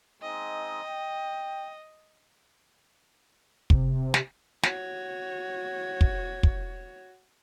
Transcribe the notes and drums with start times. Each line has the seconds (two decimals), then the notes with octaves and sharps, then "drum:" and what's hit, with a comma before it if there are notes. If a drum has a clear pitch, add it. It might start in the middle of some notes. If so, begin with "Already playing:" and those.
0.22 G#3 C4 D#4 D#5
0.83 G5
3.70 C3, drum: kick
4.14 drum: snare
4.63 F#4 C#5, drum: snare
6.01 drum: kick
6.43 drum: kick